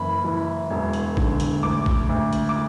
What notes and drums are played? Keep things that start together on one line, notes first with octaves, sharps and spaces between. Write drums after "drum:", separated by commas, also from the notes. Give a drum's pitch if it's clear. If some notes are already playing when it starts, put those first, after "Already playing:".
Already playing: F#1 E3 B5
E3
E1
drum: hi-hat
D3, drum: kick
drum: hi-hat
D2 D6
drum: kick
D2
drum: hi-hat
D6